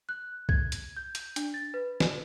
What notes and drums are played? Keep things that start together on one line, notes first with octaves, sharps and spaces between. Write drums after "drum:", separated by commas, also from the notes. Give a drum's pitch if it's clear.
F#6
G#6, drum: kick B1
drum: hi-hat
G6
drum: hi-hat
D4, drum: hi-hat
A6
B4
drum: snare